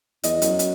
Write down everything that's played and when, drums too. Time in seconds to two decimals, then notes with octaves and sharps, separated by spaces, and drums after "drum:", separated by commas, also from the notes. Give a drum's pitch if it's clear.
0.23 E2 D#5, drum: hi-hat
0.42 F#2, drum: hi-hat
0.59 drum: hi-hat